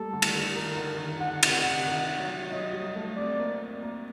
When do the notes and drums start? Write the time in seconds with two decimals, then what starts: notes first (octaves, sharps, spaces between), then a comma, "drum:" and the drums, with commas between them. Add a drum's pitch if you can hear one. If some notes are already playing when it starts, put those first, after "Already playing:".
Already playing: G3 A3 A#3 A4
0.13 D3
0.22 D#3, drum: cymbal
0.55 D#3 A#4
0.76 D3
0.98 D#3
1.20 D3 F#5
1.43 C3, drum: cymbal
1.53 F#5
1.64 D3
1.86 D#3
2.18 F#3
2.52 F#3 D#5
2.73 G3
2.96 A3
3.17 C4 D5
3.39 A#3
3.83 A#3